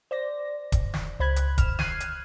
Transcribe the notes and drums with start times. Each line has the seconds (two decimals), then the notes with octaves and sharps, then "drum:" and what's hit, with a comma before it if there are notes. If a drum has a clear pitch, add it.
0.11 C5 D5 A#6
0.72 drum: kick D#1, hi-hat
0.94 drum: snare
1.20 C#2 C5 B5 F#6 G#6
1.36 drum: hi-hat
1.58 F6 E7, drum: kick D#1, hi-hat
1.79 F6 F#6 G#6 C7 D#7, drum: snare
2.00 drum: hi-hat